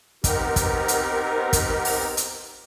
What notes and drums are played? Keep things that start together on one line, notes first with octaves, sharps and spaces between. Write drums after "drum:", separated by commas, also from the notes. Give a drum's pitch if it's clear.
B3 C4 D#4 G4 A#4, drum: kick, hi-hat
drum: kick, hi-hat
drum: hi-hat
drum: kick, hi-hat
drum: open hi-hat
drum: hi-hat